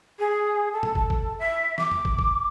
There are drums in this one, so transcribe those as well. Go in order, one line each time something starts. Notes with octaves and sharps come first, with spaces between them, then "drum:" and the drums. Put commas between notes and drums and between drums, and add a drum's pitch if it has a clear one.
G#4
A4
drum: tom A2
A4, drum: kick
drum: kick
E5
D6, drum: snare
drum: tom F2
drum: kick
drum: kick